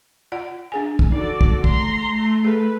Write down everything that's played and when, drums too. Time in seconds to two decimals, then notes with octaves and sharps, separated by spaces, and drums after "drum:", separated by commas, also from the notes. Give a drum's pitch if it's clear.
0.32 F4 D5 F#5
0.72 D4 G#4 G#5
0.99 drum: kick
1.12 D#4 F#4 A4 D5
1.41 drum: kick
1.64 A3 A#5 C6, drum: kick
2.10 A3
2.45 G#4 A4 B4